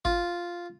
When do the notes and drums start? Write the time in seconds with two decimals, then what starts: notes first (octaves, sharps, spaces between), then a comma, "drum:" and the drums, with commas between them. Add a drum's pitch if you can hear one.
0.05 F4, drum: kick G1